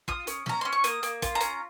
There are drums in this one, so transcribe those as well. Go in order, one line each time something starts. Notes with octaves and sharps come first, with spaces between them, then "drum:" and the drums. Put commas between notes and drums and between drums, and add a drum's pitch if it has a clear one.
F4 D#6, drum: kick
C#4, drum: hi-hat
C#4 A#5, drum: snare
C#4 C6
C#6
A#3 D#6, drum: hi-hat
A#3, drum: hi-hat
F4, drum: kick, hi-hat
A#5
C#4, drum: hi-hat